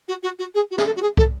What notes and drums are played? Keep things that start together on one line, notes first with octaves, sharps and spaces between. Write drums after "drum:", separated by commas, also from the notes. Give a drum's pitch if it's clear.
F#4
F#4
F#4
G#4
F#4
G#4, drum: snare
A4
F#4
G#4
A4, drum: kick